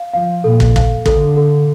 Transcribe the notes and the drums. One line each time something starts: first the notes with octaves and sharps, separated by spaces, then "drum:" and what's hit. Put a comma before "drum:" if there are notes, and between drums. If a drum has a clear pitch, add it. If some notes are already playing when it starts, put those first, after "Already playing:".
Already playing: F5
F3 F5
A#2 A4
drum: kick
F5, drum: kick
D3 A4, drum: kick
A4